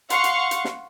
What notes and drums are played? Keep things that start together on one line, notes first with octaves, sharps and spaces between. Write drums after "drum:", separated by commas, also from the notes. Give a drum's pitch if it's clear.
F5 F#5 C6 C#6, drum: hi-hat
drum: hi-hat
drum: hi-hat
drum: snare